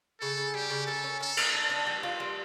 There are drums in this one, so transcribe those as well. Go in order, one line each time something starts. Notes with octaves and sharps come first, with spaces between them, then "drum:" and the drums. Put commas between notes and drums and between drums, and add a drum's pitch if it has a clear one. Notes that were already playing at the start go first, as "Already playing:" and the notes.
C#3 A4
C#3
G3 G4
C#3
A4 A#4
C#4
A4 A#4
A#4, drum: cymbal
D4
D4
G3
F4
G3